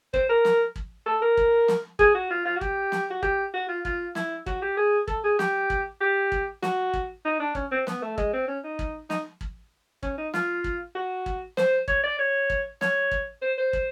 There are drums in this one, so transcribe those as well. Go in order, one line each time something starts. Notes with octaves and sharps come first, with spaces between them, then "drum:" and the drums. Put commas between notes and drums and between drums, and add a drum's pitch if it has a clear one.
C5, drum: kick
A#4
drum: snare
drum: kick
A4
A#4
drum: kick
drum: snare
G#4, drum: kick
F#4
F4
F4
F#4
G4, drum: kick
drum: snare
F#4
G4, drum: kick
F#4
F4
F4, drum: kick
E4, drum: snare
F#4, drum: kick
G4
G#4
A4, drum: kick
G#4
G4, drum: snare
drum: kick
G4
drum: kick
F#4, drum: snare
drum: kick
D#4
D4
C#4, drum: kick
C4
B3, drum: snare
A3
G#3, drum: kick
C4
C#4
D#4
drum: kick
D#4, drum: snare
drum: kick
C#4, drum: kick
D#4
F4, drum: snare
drum: kick
F#4
drum: kick
C5, drum: snare
C#5, drum: kick
D5
C#5
drum: kick
C#5, drum: snare
drum: kick
C5
C5
drum: kick